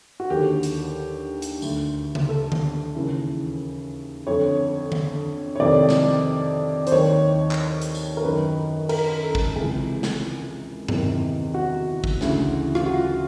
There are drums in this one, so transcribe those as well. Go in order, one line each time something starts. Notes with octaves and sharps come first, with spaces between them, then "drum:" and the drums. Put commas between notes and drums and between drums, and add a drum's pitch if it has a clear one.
F#4
D#2 D3 G4
drum: hi-hat
drum: hi-hat
D2 D3, drum: tambourine
drum: tom C#3
A4
drum: tom D3
D#2 C#3 E3
F2 D3 C#5
drum: tom D3
C#5
F2 C3 D#3 D5
drum: snare
C5, drum: hi-hat
D#2 D#3 C#5
drum: clap
drum: hi-hat
drum: tambourine
A#4
F#2 D#3 B4
A#4, drum: cymbal
A4
drum: kick
C#2 C3 E3 G#4
drum: snare
E2 C3 D#3, drum: tom G2
F#4
drum: kick
D2 C#3 E3, drum: snare
F4, drum: rim click
F#4